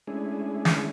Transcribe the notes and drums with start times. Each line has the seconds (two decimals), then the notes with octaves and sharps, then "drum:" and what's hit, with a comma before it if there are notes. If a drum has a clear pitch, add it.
0.07 G#3 A3 C#4 D4 E4 G#4
0.65 drum: snare